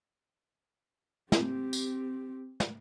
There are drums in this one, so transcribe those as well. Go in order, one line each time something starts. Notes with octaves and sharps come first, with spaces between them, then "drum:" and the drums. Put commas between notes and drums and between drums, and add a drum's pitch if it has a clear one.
C4 G4, drum: snare
drum: tambourine
drum: snare